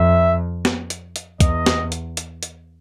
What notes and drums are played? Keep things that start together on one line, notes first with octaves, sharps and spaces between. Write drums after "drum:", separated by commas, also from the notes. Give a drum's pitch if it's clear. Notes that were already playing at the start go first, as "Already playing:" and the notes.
Already playing: F2 E5
drum: snare
drum: hi-hat
drum: hi-hat
E2 D#5, drum: kick, hi-hat
drum: snare
drum: hi-hat
drum: hi-hat
drum: hi-hat